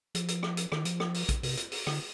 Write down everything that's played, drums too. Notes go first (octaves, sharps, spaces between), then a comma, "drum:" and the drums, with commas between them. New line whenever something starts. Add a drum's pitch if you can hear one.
F3, drum: hi-hat
drum: hi-hat
drum: rim click
drum: hi-hat
D#3, drum: rim click
F3, drum: hi-hat
drum: rim click
drum: open hi-hat
drum: kick A#1, hi-hat
C3, drum: open hi-hat
drum: hi-hat
drum: open hi-hat
D3, drum: rim click